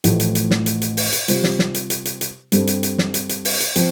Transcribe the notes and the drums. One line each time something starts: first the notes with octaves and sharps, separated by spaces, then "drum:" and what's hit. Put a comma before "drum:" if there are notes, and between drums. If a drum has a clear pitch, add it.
A1 A2 F3 A3, drum: hi-hat
drum: hi-hat
drum: hi-hat
drum: snare
drum: hi-hat
drum: hi-hat
drum: open hi-hat
drum: hi-hat
C3 G3 F4 C5, drum: hi-hat
drum: snare
drum: snare
drum: hi-hat
drum: hi-hat
drum: hi-hat
drum: hi-hat
G2 G3 C4 A4, drum: hi-hat
drum: hi-hat
drum: hi-hat
drum: snare
drum: hi-hat
drum: hi-hat
drum: open hi-hat
drum: hi-hat
F3 C4, drum: hi-hat